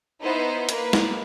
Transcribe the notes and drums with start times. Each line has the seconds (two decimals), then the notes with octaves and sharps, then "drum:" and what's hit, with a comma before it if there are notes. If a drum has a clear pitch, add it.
0.21 B3 D#4 E4 C5
0.69 A#3 B4, drum: hi-hat
0.93 drum: snare